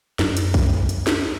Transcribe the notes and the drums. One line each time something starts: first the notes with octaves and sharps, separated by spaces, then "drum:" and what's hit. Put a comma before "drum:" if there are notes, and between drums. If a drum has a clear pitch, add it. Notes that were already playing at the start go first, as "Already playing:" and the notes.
F#2, drum: snare
drum: hi-hat
drum: kick B1, open hi-hat
drum: hi-hat
drum: snare